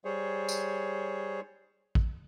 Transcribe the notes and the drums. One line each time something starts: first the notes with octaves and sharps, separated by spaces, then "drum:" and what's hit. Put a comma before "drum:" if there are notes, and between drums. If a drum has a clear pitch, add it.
G3 G#4 C5 C#5
drum: tambourine
drum: kick